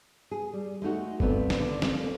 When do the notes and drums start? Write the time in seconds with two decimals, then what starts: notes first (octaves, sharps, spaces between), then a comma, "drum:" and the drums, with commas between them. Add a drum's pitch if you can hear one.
0.31 G#4
0.53 G3
0.82 G#3 A3 D#4 F#4
1.20 G2 A3 B3 C4, drum: kick G1
1.50 drum: snare
1.60 D3
1.82 A#3 C4 C#4, drum: snare